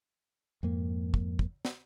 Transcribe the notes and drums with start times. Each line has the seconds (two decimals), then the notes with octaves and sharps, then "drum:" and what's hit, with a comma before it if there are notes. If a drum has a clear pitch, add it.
0.63 F2 G#2 A#3
1.14 drum: kick
1.39 drum: kick
1.65 drum: snare